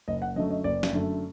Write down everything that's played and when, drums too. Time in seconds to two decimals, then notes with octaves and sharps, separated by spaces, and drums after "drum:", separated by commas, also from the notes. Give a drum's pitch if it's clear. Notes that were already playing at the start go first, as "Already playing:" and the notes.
0.08 F#1 D#5
0.22 F#5
0.36 F#2 D3 F#3 A3 D#5
0.50 D#5
0.64 F#1 D5
0.83 drum: snare
0.93 F#2 D3 F#3 A3